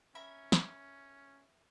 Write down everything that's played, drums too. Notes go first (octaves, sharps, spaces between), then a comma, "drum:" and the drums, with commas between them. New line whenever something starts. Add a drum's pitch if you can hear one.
C#4 A#4 E5 B5
drum: snare